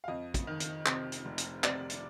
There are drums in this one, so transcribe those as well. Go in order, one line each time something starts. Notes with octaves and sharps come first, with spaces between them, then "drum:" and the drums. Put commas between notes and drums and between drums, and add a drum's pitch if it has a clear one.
F5
F2 D#5
drum: kick, hi-hat
D#3
drum: hi-hat
C3, drum: clap
drum: hi-hat
F1
drum: hi-hat
C3 D5, drum: clap
drum: hi-hat